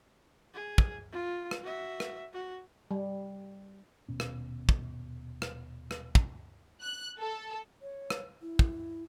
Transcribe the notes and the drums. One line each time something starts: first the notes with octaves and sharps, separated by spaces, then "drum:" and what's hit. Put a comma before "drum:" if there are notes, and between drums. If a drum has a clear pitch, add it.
G#4
drum: kick
F4
drum: rim click
F#4 E5
drum: rim click
F#4
G3
D#1 B2 C#4
drum: rim click
drum: kick
drum: rim click
drum: rim click
drum: kick
F#6
A4
C#5
drum: rim click
E4
drum: kick